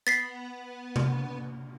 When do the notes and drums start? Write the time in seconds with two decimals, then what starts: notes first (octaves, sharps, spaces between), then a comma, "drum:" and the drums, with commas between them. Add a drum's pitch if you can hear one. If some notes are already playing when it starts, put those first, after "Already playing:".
0.07 B3 A6 B6 C7
0.96 drum: tom C3